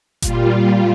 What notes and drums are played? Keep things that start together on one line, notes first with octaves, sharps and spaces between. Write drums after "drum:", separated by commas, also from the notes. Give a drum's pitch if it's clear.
A#2 G3 F4, drum: kick F#1, hi-hat